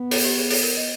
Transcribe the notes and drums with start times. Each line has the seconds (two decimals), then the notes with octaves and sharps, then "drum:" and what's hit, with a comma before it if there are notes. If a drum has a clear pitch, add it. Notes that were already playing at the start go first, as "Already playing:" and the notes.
Already playing: B3
0.11 A4, drum: open hi-hat
0.25 G4
0.38 G#4
0.50 A4, drum: open hi-hat
0.63 A#4
0.77 D#5